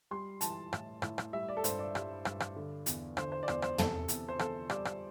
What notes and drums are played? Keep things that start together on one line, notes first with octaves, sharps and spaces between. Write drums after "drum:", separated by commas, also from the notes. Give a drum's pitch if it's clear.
G3 C6
E3 A5, drum: hi-hat
A2, drum: rim click
A2, drum: rim click
drum: rim click
G3 E5
D5
A4
G2 C5, drum: hi-hat
D5
G3, drum: rim click
G2, drum: rim click
drum: rim click
D3
E2, drum: hi-hat
D3 C5, drum: rim click
C5
D5
E2 C5, drum: rim click
C5, drum: rim click
C3 A4, drum: tom
E2, drum: hi-hat
C5
E2 A4, drum: rim click
G3 D5, drum: rim click
drum: rim click